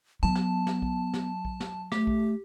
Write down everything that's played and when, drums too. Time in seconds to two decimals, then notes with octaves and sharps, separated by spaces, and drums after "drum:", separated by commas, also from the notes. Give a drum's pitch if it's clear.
0.23 F#3 B3 A5
0.35 drum: snare
0.67 drum: snare
0.82 drum: kick A#1
1.14 drum: snare
1.45 drum: kick A#1
1.60 drum: snare
1.92 A3 G4, drum: snare
2.07 drum: kick A#1